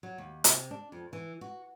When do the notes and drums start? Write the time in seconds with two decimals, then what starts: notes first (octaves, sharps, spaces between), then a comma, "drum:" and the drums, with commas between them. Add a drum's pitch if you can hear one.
0.03 F#3
0.18 D#2
0.44 C3, drum: hi-hat
0.71 D4
0.92 F2
1.13 E3
1.41 F#4